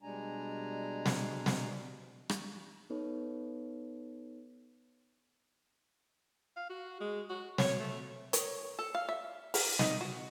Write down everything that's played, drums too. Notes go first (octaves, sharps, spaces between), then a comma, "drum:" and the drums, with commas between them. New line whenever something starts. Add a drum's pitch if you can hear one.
B2 G3 G#3 D4 G#5 A#5
drum: snare
drum: snare
drum: rim click
B3 D#4 A4 B4 C#5
F5
F#4
G#3
F#4
C#5, drum: snare
A3
C#5, drum: hi-hat
A4
F5
E5
A#4, drum: open hi-hat
D#4, drum: snare
F#4